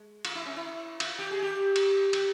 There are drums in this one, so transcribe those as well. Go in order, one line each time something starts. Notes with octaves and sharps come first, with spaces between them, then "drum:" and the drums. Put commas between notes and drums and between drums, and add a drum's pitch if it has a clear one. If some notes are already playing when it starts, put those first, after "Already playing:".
Already playing: G#3
F4, drum: cymbal
E4
C#4
E4
F4, drum: cymbal
G4
G#4
G4
drum: cymbal
G4, drum: cymbal